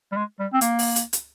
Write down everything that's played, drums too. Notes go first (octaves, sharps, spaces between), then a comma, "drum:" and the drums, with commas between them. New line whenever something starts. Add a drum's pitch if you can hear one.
G3
G#3
G3
C4
A#3, drum: hi-hat
drum: open hi-hat
drum: hi-hat
drum: hi-hat